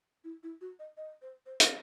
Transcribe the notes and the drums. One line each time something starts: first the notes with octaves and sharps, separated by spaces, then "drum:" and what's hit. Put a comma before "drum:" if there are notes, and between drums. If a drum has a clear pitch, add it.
E4
E4
F#4
D#5
D#5
C5
C5
drum: hi-hat